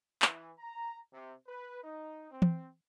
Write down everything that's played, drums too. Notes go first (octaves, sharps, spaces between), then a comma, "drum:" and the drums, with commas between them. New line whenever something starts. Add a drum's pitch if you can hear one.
E3, drum: clap
A#5
C3
B4
D#4
C4
drum: tom E3